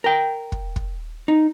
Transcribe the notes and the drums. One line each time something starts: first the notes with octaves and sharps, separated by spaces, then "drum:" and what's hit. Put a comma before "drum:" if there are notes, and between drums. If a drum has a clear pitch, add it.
A#4 G5
drum: kick
drum: kick
D#4